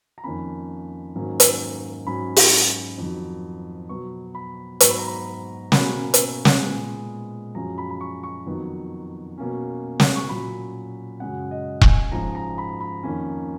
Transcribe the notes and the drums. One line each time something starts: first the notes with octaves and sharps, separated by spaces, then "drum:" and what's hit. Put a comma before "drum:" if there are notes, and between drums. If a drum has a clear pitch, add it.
A#5
F2 D#3 A#3 C#4 B5
G#2 D#3 F#3 A#3 C#4
drum: hi-hat
G#2 F#3 C#4 B5
drum: open hi-hat
F2 D#3 F#3
B2 F#3 B3 C#6
B5
G#2 F#3 B3 C#6, drum: hi-hat
B5
A#5
B5
B2 A#3 C#4 B5, drum: snare
drum: hi-hat
drum: snare
A#2 G#3 B3
F#2 F3 G#3 C#4 A#5
B5
B5
C#6
C#6
F2 D#3 F#3 B3
B2 A#3 C#4
drum: snare
C#6
A#2 F#3 C#4 B5
F#2 C#3 G#3 C#4 F#5
D#5
G#5, drum: kick E1
G#2 F3 G#3 C#4 A#5
A#5
B5
B5
F2 D#3 A#3 C#4